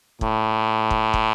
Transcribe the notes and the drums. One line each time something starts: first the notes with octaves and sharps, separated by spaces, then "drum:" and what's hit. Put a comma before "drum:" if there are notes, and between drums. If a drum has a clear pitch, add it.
A2, drum: kick
drum: kick
drum: kick